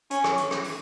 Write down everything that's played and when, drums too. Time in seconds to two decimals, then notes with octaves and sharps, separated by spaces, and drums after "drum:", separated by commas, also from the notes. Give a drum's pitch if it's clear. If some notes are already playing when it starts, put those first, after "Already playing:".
0.11 C#4, drum: hi-hat
0.24 drum: rim click
0.38 drum: hi-hat
0.51 drum: rim click
0.64 drum: open hi-hat